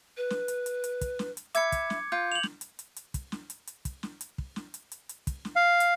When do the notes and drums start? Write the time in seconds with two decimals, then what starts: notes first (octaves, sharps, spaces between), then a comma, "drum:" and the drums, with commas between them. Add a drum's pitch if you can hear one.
0.17 B4
0.30 drum: snare
0.48 drum: hi-hat
0.66 drum: hi-hat
0.84 drum: hi-hat
1.01 drum: kick, hi-hat
1.19 drum: snare
1.37 drum: hi-hat
1.55 E5 B5 D6 G#6 C#7, drum: hi-hat
1.72 drum: kick, hi-hat
1.90 drum: snare
2.12 F4 G6
2.32 F7 F#7
2.43 drum: snare
2.61 drum: hi-hat
2.79 drum: hi-hat
2.96 drum: hi-hat
3.14 drum: kick, hi-hat
3.32 drum: snare
3.50 drum: hi-hat
3.67 drum: hi-hat
3.85 drum: kick, hi-hat
4.03 drum: snare
4.21 drum: hi-hat
4.38 drum: kick
4.56 drum: snare
4.74 drum: hi-hat
4.92 drum: hi-hat
5.09 drum: hi-hat
5.27 drum: kick, hi-hat
5.45 drum: snare
5.56 F5
5.80 drum: hi-hat